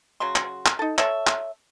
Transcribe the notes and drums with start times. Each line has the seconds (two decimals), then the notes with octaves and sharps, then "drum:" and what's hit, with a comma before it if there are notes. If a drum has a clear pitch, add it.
0.20 C#3 F#3 F#4 C6
0.36 drum: clap
0.66 drum: clap
0.79 D#4 A4
0.98 A4 C#5 E5, drum: clap
1.27 drum: clap